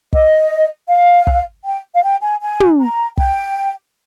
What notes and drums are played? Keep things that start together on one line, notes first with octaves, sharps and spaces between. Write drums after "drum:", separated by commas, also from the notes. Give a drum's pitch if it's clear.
D#5, drum: kick
F5
drum: kick
G5
F5
G5
G#5
G#5
drum: tom
A#5
G5, drum: kick